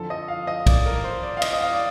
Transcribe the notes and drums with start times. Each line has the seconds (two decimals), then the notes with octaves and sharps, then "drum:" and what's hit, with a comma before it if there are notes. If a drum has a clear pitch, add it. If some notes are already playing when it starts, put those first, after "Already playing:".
Already playing: F2 D3 F3 A4
0.10 D#5
0.28 F5
0.47 D#5
0.66 D5, drum: kick, cymbal
0.86 A#4
1.04 C5
1.23 D5
1.37 F5
1.42 D#5, drum: cymbal
1.53 D#5
1.61 F5
1.73 D5